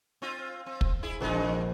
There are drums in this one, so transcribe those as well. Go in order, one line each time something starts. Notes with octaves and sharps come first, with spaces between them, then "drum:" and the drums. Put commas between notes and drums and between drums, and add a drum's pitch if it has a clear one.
C4 F4
C4
drum: kick
E4 G#4
A#1 E2 G#3 D#4 C5